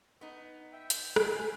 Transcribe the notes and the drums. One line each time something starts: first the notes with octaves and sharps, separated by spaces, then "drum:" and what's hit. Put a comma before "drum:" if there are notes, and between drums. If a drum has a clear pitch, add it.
B3 D#4
E5 G5
drum: hi-hat
G#5, drum: rim click